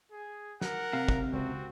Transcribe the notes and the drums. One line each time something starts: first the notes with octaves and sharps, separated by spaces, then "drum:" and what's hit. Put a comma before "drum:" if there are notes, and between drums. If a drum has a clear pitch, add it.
G#4
A#4 F#5, drum: snare
C3 F5
drum: kick
C#2 C4 F#4